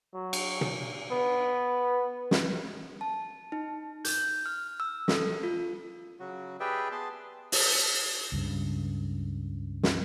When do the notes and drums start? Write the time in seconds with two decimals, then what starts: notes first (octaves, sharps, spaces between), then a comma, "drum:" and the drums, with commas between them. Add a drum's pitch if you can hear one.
0.14 F#3
0.33 drum: cymbal
0.61 drum: tom
1.11 B3
2.31 drum: snare
3.01 A5
3.52 D#4
4.05 G6, drum: hi-hat
4.46 F6
4.80 E6
5.08 A4, drum: snare
5.43 F4
6.20 C#3 F#3 F#4
6.60 G4 G#4 B4 D5 E5 G5
6.92 B3 G#4 A5 C6
7.52 drum: open hi-hat
8.32 C#2 G2 C#3
9.83 drum: snare